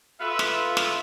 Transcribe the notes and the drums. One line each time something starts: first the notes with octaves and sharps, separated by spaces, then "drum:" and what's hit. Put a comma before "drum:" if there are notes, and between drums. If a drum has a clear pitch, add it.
B3 F4 A4 B4 E5
drum: snare
drum: snare